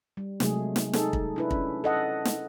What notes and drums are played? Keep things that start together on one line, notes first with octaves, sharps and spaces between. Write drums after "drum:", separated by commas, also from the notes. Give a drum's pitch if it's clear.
G3
C3 F#3 G#3 A3 G#4, drum: snare
drum: snare
D#4 G#4 A4, drum: snare
drum: kick
D4 E4 B4
C#4, drum: kick
A4 D#5 F#5
drum: snare